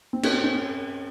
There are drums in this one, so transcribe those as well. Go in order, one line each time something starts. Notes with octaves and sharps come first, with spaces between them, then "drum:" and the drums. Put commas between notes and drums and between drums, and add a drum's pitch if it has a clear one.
C4
C#4, drum: cymbal
C4
C#4
C4